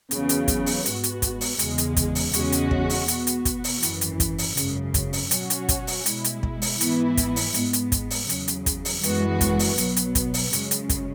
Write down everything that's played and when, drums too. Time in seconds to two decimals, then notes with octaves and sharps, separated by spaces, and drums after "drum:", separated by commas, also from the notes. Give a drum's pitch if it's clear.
0.11 E2 C#3 F#3 B3, drum: hi-hat
0.29 drum: hi-hat
0.48 drum: kick, hi-hat
0.66 drum: open hi-hat
0.85 G#2 G#3 B3 F#4, drum: hi-hat
1.04 drum: hi-hat
1.22 drum: kick, hi-hat
1.41 drum: open hi-hat
1.59 E2 C#3 G#3, drum: hi-hat
1.78 drum: hi-hat
1.97 drum: kick, hi-hat
2.15 drum: open hi-hat
2.33 E2 C#3 G#3 C#4 F#4, drum: hi-hat
2.52 drum: hi-hat
2.71 drum: kick
2.90 drum: open hi-hat
3.08 B2 B3 F#4, drum: hi-hat
3.27 drum: hi-hat
3.45 drum: kick, hi-hat
3.64 drum: open hi-hat
3.83 G#1 F#2 E3, drum: hi-hat
4.01 drum: hi-hat
4.20 drum: kick, hi-hat
4.38 drum: open hi-hat
4.57 G#1 F#2 C#3, drum: hi-hat
4.94 drum: kick, hi-hat
5.13 drum: open hi-hat
5.31 B2 F#3 C#4 F#4, drum: hi-hat
5.50 drum: hi-hat
5.69 drum: kick, hi-hat
5.87 drum: open hi-hat
6.06 B2 G#3 E4, drum: hi-hat
6.24 drum: hi-hat
6.43 drum: kick
6.62 drum: open hi-hat
6.81 G#2 E3 B3 E4, drum: hi-hat
7.17 drum: kick, hi-hat
7.36 drum: open hi-hat
7.54 G#2 G#3 B3, drum: hi-hat
7.73 drum: hi-hat
7.92 drum: kick, hi-hat
8.10 drum: open hi-hat
8.29 E2 C#3 F#3, drum: hi-hat
8.48 drum: hi-hat
8.66 drum: kick, hi-hat
8.85 drum: open hi-hat
9.03 F#2 E3 G#3 B3 F#4, drum: hi-hat
9.41 drum: kick, hi-hat
9.59 drum: open hi-hat
9.78 B1 B2 F#3 B3, drum: hi-hat
9.96 drum: hi-hat
10.15 drum: kick, hi-hat
10.34 drum: open hi-hat
10.53 F#2 C#3 G#3 C#4, drum: hi-hat
10.71 drum: hi-hat
10.89 drum: kick, hi-hat